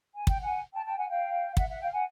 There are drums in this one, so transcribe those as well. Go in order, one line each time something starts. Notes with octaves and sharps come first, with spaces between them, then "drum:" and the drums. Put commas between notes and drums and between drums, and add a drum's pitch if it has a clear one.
G#5
G5, drum: kick
F#5 G#5
G5 A5
G5 A5
F#5 G#5
F5 G5
F5
E5 F#5, drum: kick
E5 F#5
F5 G5
F#5 G#5